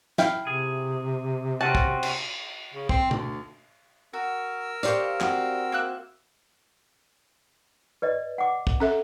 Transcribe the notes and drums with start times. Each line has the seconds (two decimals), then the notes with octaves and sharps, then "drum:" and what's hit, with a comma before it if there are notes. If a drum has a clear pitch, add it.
0.18 E4 F5 G5, drum: snare
0.47 C3 G#4
1.61 C4 C#4 F#4 A5
1.75 drum: kick
2.03 drum: cymbal
2.74 C#3
2.89 C4, drum: kick
3.11 D2, drum: tom B2
4.13 F#4 A#4 E6
4.83 G4 C5 D5 F5 C#6, drum: hi-hat
5.21 C4 F#4, drum: clap
5.72 A#3 E5 F#6
8.02 B4 D5 D#5
8.38 F#5 D6
8.67 drum: kick
8.80 C#4 A4 E5